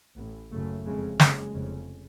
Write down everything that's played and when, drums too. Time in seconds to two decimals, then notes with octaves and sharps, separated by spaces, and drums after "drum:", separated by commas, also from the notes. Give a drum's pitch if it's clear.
0.17 A1 B3
0.22 A2
0.51 F#1 F#2 C#3 A3
0.85 F1 F2 C#3 G#3
1.20 F#1 F#2 C#3 G#3, drum: snare
1.54 F1 F2 C#3